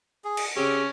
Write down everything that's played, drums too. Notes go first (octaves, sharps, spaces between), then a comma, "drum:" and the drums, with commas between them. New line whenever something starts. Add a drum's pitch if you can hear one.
G#4
drum: cymbal
C#3 C4 C#4 G4